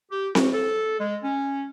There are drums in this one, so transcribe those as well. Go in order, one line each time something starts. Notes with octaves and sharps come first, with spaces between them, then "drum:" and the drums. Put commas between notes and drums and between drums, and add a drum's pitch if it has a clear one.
G4
F#4, drum: snare C4
A4
G#3
C#4